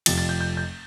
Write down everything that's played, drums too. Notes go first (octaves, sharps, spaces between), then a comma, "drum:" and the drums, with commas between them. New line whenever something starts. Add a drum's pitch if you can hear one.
F1 F2 C3 F3 A6, drum: cymbal
A6
G6
G6
G6